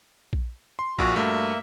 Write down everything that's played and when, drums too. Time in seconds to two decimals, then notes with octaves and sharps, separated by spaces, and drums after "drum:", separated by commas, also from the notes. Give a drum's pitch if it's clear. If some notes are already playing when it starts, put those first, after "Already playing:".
0.33 drum: kick A#1
0.79 C6
0.99 A#1 A#2 F#4, drum: kick A#1
1.15 G2 A3 A#3 F#4 E5